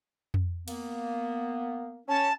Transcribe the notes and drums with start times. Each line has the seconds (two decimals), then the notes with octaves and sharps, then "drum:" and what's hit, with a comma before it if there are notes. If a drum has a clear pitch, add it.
0.34 drum: tom F2
0.68 A#3 B3, drum: cymbal
2.08 C#4 A5